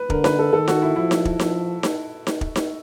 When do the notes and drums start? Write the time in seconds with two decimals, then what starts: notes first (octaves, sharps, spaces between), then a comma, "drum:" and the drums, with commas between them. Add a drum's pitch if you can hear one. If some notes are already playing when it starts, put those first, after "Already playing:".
Already playing: B4
0.10 D3 A#4, drum: kick
0.24 B4, drum: snare D#4
0.39 A4
0.53 D#3 A4
0.68 F#4, drum: snare D#4
0.82 E4
0.96 F3 E4
1.11 drum: snare D#4
1.25 drum: kick
1.39 F3, drum: snare D#4
1.83 drum: snare D#4
2.27 drum: snare D#4
2.41 drum: kick
2.56 drum: snare D#4